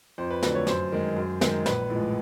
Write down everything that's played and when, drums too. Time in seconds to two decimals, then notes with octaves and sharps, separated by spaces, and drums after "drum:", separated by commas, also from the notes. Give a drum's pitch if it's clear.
0.18 F2 C5
0.30 B4
0.43 D3 F#3 A3 B4, drum: snare
0.55 C#5
0.67 F#2 C5, drum: snare
0.92 D#3 G#3
1.17 F#2
1.41 D#3 G#3, drum: snare
1.66 A#1 B4, drum: snare
1.90 A2 F3 G#3